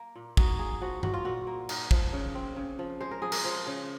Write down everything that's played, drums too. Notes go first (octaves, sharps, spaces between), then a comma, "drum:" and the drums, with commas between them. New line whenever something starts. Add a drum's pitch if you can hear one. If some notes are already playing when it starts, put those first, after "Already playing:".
Already playing: A#3
A#2
D#4 F#4, drum: kick
A#3 G#4
F3 F#4
A#2 F#4, drum: tom G2
F4
A#2 F#4
A#3
D#4, drum: cymbal
F3, drum: kick
C#3
C4
C#3
F3
G#3 C5
A#4
F3 G#4
A#4, drum: cymbal
F3 C5
C#3